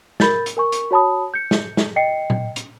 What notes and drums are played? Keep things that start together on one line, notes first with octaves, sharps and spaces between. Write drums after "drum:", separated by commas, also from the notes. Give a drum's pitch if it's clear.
A#4 B5 G6 A6, drum: snare
drum: hi-hat
A#4 G#5 C#6
drum: hi-hat
F#4 C#5 A5 B5 D#6
G6 C#7
drum: snare
drum: snare
D#5 G5 C7 C#7
drum: tom A#2
drum: hi-hat